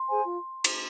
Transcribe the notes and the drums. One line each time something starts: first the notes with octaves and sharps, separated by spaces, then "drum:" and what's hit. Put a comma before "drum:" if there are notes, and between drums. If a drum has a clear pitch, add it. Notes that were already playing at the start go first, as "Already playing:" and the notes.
Already playing: C6
G#4 C5 G#5
F4
drum: cymbal